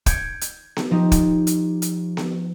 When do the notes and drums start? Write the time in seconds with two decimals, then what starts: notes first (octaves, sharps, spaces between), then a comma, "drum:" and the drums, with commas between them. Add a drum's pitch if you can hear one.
0.06 G6 G#6 C#7 D7, drum: kick, hi-hat
0.41 drum: hi-hat
0.76 drum: snare B3
0.91 F3 D#4 G4
1.12 drum: kick, hi-hat
1.47 drum: hi-hat
1.82 drum: hi-hat
2.17 drum: snare B3